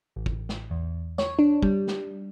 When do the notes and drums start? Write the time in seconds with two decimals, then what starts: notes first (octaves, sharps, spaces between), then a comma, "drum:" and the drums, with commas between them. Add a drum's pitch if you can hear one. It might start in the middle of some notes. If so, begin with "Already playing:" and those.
0.16 A1
0.26 drum: kick
0.49 drum: snare
0.71 E2
1.18 C#5, drum: snare
1.39 D4
1.63 G3, drum: kick
1.88 drum: snare